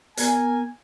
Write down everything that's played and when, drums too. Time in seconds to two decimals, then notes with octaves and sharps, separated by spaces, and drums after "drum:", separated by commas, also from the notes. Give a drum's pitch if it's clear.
0.17 B3 A#4 G#5, drum: hi-hat